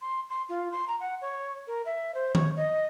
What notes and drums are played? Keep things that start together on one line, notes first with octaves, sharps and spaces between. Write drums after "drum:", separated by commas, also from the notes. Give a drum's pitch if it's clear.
C6
C6
F4
C6
A#5
F#5
C#5
A#4
E5
C5
C#5, drum: tom D#3
D#5